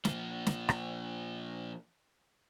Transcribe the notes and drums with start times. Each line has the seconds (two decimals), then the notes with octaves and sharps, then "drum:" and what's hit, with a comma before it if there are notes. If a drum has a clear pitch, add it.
0.05 A#2 F3, drum: snare
0.47 drum: snare
0.69 drum: rim click